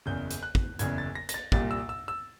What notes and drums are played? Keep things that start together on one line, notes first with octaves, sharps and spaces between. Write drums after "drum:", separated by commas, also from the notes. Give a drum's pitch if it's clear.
F#1 E2 C#3 G6
drum: hi-hat
F#6
drum: kick
F#1 E2 C#3 G#6, drum: hi-hat
A6
A#6
A#6, drum: hi-hat
A6
C2 A#2 G3 A6, drum: kick
E6
E6
E6